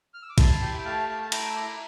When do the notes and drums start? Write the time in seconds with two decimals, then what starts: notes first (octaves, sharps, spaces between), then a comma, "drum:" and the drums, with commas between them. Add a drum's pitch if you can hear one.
0.14 F6
0.22 E6
0.30 D6
0.38 E4 A5 C6, drum: kick, cymbal
0.61 G4
0.78 G5
0.85 A3 F5 A5
1.09 A3
1.22 A5
1.32 E4 G5 A#5, drum: cymbal
1.50 E6
1.56 E4 A#5 D6